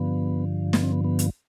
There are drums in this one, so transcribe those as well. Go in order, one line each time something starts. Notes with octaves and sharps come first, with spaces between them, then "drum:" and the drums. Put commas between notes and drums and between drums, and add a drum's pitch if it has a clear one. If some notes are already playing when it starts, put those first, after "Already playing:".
Already playing: G2 D3 F3 B3
B3, drum: snare
C4
B3
B3
drum: hi-hat